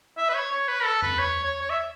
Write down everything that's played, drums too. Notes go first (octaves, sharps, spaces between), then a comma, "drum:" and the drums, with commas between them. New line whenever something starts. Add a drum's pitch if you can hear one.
E5
B4
C#5
C#5
B4
A4
B4, drum: tom E2
C#5
C#5
C#5
E5